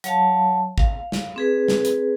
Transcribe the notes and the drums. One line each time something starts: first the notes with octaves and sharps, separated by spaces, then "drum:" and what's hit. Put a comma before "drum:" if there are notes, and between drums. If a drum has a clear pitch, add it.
F#3 C#5 F5 A5, drum: hi-hat
F5, drum: kick G#1
drum: snare
C4 G#4 B4
drum: snare
drum: hi-hat